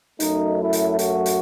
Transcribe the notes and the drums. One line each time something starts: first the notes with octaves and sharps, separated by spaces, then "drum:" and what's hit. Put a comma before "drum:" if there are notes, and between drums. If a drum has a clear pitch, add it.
F#2 F#3 A3 D#4, drum: hi-hat
E4
drum: hi-hat
F#4, drum: hi-hat
drum: hi-hat